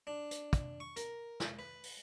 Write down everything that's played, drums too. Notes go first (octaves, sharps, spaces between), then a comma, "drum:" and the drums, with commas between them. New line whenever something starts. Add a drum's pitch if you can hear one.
D4
drum: hi-hat
drum: kick, hi-hat
C#6
A#4, drum: hi-hat
drum: snare
B4
drum: open hi-hat